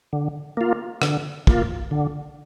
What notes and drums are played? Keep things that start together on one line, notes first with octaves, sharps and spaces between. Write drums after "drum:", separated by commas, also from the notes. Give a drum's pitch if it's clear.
D3
A#3 F4
D3, drum: rim click
A#3 F4, drum: kick
D3